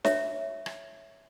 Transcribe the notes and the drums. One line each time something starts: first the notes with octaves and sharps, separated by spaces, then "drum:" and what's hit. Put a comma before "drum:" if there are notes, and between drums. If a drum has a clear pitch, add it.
C#5 E5, drum: snare
drum: rim click